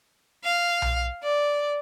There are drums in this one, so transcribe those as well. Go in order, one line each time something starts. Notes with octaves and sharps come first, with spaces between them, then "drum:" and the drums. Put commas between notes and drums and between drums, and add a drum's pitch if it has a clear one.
F5
drum: tom B1
D5